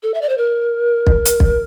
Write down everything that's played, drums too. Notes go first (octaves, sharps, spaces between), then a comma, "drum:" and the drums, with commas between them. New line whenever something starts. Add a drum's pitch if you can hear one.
A4
E5
D5
C5
A#4
drum: kick
drum: hi-hat
drum: kick